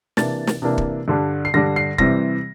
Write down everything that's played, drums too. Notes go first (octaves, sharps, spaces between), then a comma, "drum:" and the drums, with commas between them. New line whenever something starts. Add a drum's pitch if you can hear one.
C3 E3 A#3 D4 A6, drum: snare
drum: snare
C3 E3 A#3 D4
drum: kick
G2 D3 G3 D4
C7
G2 D3 G3 D4 A#6
C7
C3 E3 G3 C4 A#6, drum: kick